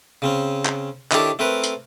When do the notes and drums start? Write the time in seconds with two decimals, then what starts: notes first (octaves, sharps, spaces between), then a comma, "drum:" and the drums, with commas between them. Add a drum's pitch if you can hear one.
0.22 C#3 C4 C#4
0.65 drum: clap
1.12 D#3 D4 E4 G4 A4 C#5, drum: clap
1.39 A3 C4 A#4 B4
1.64 drum: hi-hat